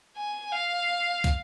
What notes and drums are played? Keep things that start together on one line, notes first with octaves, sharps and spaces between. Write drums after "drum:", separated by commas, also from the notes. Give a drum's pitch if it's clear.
G#5
F5
drum: kick, hi-hat